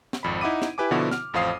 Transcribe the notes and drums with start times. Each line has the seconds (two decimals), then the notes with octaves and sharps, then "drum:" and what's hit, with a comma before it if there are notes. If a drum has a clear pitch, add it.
0.13 drum: snare
0.23 G#1 F2 B5
0.41 D#4 E4 F#5 B5 D6 D#7
0.62 drum: snare
0.78 E4 G4 B4 G#5 D6
0.91 B2 D3 F3 B3 E4 F#4
1.11 F6, drum: snare
1.33 A1 F2 C5 F5 D#6 C7